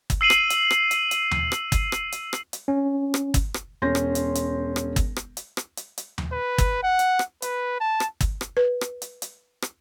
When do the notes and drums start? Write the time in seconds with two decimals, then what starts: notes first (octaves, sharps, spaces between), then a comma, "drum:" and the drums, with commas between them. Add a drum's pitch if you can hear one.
0.10 drum: kick G1, hi-hat
0.21 E6 C7 D#7 F#7
0.30 drum: rim click
0.50 drum: hi-hat
0.71 drum: rim click
0.91 drum: hi-hat
1.11 drum: hi-hat
1.31 drum: tom D#2
1.52 drum: rim click
1.72 drum: kick G1, hi-hat
1.92 drum: rim click
2.12 drum: hi-hat
2.33 drum: rim click
2.53 drum: hi-hat
2.68 C#4
3.14 drum: rim click
3.34 drum: kick G1, hi-hat
3.54 drum: rim click
3.82 E1 C#4 C6 G6 A#6
3.95 drum: rim click
4.15 drum: hi-hat
4.35 drum: hi-hat
4.76 drum: rim click
4.96 drum: kick G1, hi-hat
5.16 drum: rim click
5.37 drum: hi-hat
5.57 drum: rim click
5.77 drum: hi-hat
5.98 drum: hi-hat
6.18 drum: tom D#2
6.32 B4
6.58 drum: kick G1, hi-hat
6.83 F#5
6.99 drum: hi-hat
7.19 drum: rim click
7.42 B4, drum: hi-hat
7.80 A5
8.00 drum: rim click
8.21 drum: kick G1, hi-hat
8.41 drum: rim click
8.57 B4
8.81 drum: rim click
9.02 drum: hi-hat
9.22 drum: hi-hat
9.62 drum: rim click